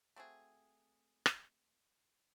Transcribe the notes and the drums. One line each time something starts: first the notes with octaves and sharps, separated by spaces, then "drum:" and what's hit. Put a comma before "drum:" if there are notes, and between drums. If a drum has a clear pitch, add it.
A3 C4 F#4 G#4
drum: rim click